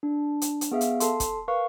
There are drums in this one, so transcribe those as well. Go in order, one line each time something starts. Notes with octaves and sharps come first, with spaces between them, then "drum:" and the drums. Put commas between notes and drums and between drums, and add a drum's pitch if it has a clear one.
D4
drum: hi-hat
drum: hi-hat
B3 G#4 E5 F5
drum: hi-hat
A4 A5 C6, drum: hi-hat
drum: kick, hi-hat
A#4 B4 F5 C#6